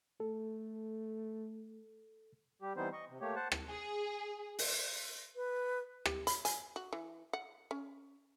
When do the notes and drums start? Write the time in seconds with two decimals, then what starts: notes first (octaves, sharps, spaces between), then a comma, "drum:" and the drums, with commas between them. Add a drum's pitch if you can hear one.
0.20 A3 A4
2.62 G3 G4
2.77 E3 G3 B3 C4 D#4 C5
2.93 D#5 C#6
3.09 C3
3.21 A3 A#3 G4 C#5
3.36 C5 F#5 A5
3.52 drum: rim click
3.68 G#4
4.59 drum: open hi-hat
5.36 B4
6.06 G4, drum: rim click
6.27 B5, drum: hi-hat
6.45 G#5, drum: hi-hat
6.76 F#4
6.93 E3
7.33 F#5
7.71 C#4